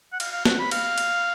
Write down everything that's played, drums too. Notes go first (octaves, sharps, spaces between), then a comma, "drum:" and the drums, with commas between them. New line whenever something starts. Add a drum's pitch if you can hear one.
F#5
F5, drum: cymbal
F5
F#5, drum: snare
B5
F5, drum: cymbal
drum: cymbal